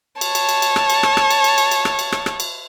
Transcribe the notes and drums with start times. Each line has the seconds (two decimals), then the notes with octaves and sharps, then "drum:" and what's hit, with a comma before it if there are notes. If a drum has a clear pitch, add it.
0.21 C#5 A5, drum: cymbal
0.35 drum: cymbal
0.49 drum: cymbal
0.62 drum: cymbal
0.76 drum: rim click
0.90 drum: cymbal
1.03 drum: rim click
1.17 drum: rim click
1.31 drum: cymbal
1.44 drum: cymbal
1.58 drum: cymbal
1.71 drum: cymbal
1.85 drum: rim click
1.99 drum: cymbal
2.12 drum: rim click
2.26 drum: rim click
2.40 drum: cymbal